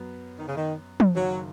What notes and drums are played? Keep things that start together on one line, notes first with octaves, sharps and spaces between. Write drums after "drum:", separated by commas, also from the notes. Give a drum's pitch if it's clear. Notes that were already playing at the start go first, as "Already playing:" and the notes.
Already playing: F#2 F#3 B3
D#3
C#3
D#3
drum: tom
F#1 F#2 D#3 F#3